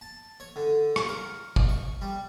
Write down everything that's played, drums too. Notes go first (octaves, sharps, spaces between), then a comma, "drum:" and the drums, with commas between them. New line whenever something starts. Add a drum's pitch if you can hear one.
A5
C#5
D3
drum: rim click
A#4
drum: kick
C#6
G3